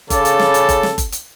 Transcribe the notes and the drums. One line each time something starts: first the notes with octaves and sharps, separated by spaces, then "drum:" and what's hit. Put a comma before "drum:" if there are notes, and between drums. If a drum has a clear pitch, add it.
C#3 A4 D5, drum: kick F#1, hi-hat
drum: hi-hat
drum: snare
drum: hi-hat
drum: kick F#1, hi-hat
drum: snare
drum: kick F#1, hi-hat
drum: hi-hat